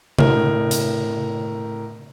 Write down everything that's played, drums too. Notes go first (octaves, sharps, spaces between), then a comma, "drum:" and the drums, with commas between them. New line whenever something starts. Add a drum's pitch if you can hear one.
A2 A#4, drum: tom C3
drum: hi-hat